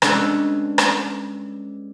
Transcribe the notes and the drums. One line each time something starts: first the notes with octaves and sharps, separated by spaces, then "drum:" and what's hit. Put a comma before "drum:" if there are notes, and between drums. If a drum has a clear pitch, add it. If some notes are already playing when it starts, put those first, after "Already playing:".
G3 G#3 C#4 D4 A4 B4, drum: rim click
drum: rim click